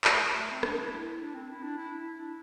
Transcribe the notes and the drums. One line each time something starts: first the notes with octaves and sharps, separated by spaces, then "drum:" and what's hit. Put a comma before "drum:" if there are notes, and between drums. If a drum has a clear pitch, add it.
A3, drum: clap
A3
C4
D4, drum: rim click
E4
E4
D4
C4
E4
D4
E4
E4
D4